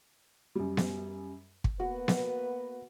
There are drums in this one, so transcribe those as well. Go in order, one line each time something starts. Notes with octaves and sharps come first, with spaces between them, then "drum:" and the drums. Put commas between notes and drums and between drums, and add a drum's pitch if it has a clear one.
F#2 G3
drum: snare B3
drum: kick
A#3 B3 F#4 B4
drum: snare B3